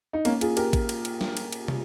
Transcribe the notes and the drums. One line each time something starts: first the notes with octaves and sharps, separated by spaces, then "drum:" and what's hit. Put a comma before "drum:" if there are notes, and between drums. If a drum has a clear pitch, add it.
D#4
A#3 C#4, drum: cymbal
F4 G#4, drum: cymbal
G4 A#4, drum: cymbal
drum: kick A1, cymbal
drum: cymbal
drum: cymbal
drum: snare
drum: cymbal
drum: cymbal
drum: tom